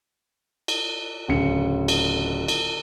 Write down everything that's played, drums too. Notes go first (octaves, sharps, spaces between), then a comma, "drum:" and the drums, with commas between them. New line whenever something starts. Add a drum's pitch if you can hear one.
drum: cymbal
D1 C#3 C#7
drum: cymbal
drum: cymbal